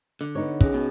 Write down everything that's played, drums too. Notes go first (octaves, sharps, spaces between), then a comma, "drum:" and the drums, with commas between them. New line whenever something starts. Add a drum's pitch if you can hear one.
D3
B3 D#4 C#5
C#4 G#4, drum: kick
B2